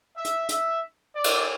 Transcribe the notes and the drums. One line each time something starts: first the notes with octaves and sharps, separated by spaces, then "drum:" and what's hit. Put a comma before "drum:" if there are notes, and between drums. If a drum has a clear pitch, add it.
E5
drum: hi-hat
E5, drum: hi-hat
D5
drum: cymbal